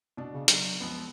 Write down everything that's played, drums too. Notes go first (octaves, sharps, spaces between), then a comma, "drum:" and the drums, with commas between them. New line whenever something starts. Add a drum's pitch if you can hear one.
B2 D4
C#3
F#3, drum: hi-hat
C#2 F3 B3